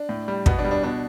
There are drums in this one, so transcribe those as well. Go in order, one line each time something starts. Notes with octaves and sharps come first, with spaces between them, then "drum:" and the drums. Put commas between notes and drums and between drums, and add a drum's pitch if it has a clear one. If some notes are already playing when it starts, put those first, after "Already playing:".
Already playing: D4
A2
G3
B2 B3, drum: kick
D4
G3
D4
B2 D4